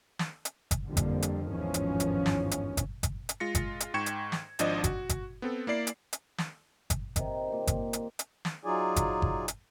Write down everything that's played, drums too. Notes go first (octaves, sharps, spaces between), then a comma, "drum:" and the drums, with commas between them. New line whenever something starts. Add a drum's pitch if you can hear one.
drum: snare
drum: hi-hat
drum: kick G1, hi-hat
F2 D3 F3 G3 A#3
drum: kick G1, hi-hat
drum: hi-hat
G#1 E2 G2 D#3 F3 C#4
drum: hi-hat
drum: hi-hat
drum: snare
drum: hi-hat
drum: kick G1, hi-hat
drum: kick G1, hi-hat
drum: hi-hat
G#3 F4 A#6 C#7
drum: kick G1, hi-hat
drum: hi-hat
G#2 G5 C#6 G#6 C#7 E7
drum: hi-hat
drum: snare
G#1 F3 D4 D5 D#5, drum: hi-hat
F#4, drum: kick G1, hi-hat
drum: kick G1, hi-hat
B3 C4 A4
A#3 E4 D5 C7
drum: hi-hat
drum: hi-hat
drum: snare
drum: kick G1, hi-hat
C3 D#3 D#4, drum: kick G1, hi-hat
A#2 G4
drum: kick G1, hi-hat
drum: hi-hat
drum: hi-hat
drum: snare
F#3 D#4 F4 G#4 D5 G#5
drum: kick G1, hi-hat
drum: kick G1
drum: hi-hat